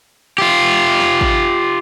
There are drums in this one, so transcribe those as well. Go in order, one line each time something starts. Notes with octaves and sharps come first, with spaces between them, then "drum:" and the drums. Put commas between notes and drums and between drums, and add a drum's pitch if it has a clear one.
F4 G4
drum: snare
drum: kick G#1